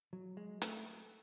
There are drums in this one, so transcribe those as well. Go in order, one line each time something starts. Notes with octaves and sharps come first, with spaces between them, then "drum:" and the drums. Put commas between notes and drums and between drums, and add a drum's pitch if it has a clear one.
F#3
G#3
A3, drum: hi-hat